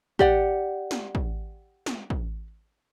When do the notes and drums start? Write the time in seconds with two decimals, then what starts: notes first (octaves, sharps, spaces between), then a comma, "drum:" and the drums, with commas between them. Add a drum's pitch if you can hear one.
0.19 G4 D5 F#5, drum: kick
0.91 drum: snare
1.15 drum: kick
1.86 drum: snare
2.10 drum: kick